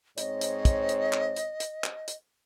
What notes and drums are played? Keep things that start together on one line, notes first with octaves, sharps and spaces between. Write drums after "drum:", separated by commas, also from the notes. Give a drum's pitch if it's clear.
G#2 C4 C#5 D#5, drum: hi-hat
drum: hi-hat
drum: kick, hi-hat
drum: hi-hat
drum: clap
drum: hi-hat
drum: hi-hat
drum: clap
drum: hi-hat